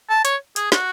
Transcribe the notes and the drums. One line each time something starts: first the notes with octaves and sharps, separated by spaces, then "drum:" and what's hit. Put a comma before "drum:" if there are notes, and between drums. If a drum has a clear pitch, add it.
A5
C#5, drum: hi-hat
G#4, drum: hi-hat
F#4, drum: snare